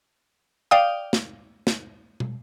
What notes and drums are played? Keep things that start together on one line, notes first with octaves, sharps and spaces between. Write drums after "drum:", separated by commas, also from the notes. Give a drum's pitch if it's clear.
D5 F5 G5 D#6
drum: snare
drum: snare
drum: tom